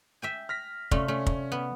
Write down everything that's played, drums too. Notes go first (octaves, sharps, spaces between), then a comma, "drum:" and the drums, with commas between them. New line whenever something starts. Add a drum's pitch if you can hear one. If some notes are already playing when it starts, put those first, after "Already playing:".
E5 G5 G#5
F6 A#6 B6
C3 A3 C#4 F4 D5, drum: kick
A3 C#4
drum: kick
B3